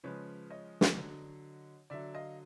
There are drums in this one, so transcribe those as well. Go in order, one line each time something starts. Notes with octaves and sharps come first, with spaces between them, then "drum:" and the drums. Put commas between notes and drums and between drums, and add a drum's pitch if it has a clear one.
C#3 F3 G#3 B4 C#5
C#5 D#5
drum: snare
D3 F#3
D3 F#3 D5 E5
D#5 F5